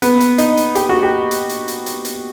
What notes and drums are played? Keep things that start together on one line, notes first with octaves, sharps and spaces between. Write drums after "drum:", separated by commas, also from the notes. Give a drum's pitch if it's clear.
B3, drum: hi-hat
drum: hi-hat
D#4, drum: hi-hat
drum: hi-hat
G4, drum: hi-hat
F#4
G4
drum: hi-hat
drum: hi-hat
drum: hi-hat
drum: hi-hat
drum: hi-hat